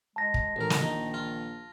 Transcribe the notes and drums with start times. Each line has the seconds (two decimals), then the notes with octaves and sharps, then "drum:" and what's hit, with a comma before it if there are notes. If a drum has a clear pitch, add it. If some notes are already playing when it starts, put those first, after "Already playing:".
0.16 G#3 A5 A#6
0.34 drum: kick
0.56 A1 D#3 A#4
0.70 drum: snare
0.82 A#1 D#4
1.14 F4